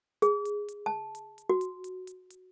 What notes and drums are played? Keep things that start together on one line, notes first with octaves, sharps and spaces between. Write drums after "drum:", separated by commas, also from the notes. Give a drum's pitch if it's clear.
G#4, drum: hi-hat
drum: hi-hat
drum: hi-hat
A5
drum: hi-hat
drum: hi-hat
F#4
drum: hi-hat
drum: hi-hat
drum: hi-hat
drum: hi-hat